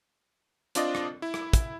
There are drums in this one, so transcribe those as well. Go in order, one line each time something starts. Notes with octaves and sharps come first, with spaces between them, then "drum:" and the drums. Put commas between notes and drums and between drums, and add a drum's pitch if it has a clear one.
C4 D4 F4 D5 D#5, drum: hi-hat
drum: rim click
E4
drum: rim click
drum: kick, hi-hat